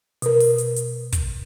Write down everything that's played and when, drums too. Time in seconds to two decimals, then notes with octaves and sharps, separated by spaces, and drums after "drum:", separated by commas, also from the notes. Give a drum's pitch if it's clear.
0.22 B2 A#4, drum: hi-hat
0.40 drum: open hi-hat
0.58 drum: hi-hat
0.76 drum: hi-hat
1.13 drum: kick, hi-hat